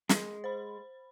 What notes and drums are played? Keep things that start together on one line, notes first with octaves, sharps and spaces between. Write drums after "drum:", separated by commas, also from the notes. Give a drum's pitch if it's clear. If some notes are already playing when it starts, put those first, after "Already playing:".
G#3, drum: snare
C5 B5